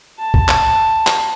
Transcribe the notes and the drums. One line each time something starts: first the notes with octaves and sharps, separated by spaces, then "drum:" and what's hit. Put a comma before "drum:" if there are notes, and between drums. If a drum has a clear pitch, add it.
A5
drum: kick
drum: clap
drum: clap